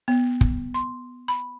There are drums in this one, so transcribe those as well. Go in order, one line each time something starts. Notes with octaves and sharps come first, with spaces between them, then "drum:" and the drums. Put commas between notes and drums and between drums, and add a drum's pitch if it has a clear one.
B3
drum: kick
C6
B5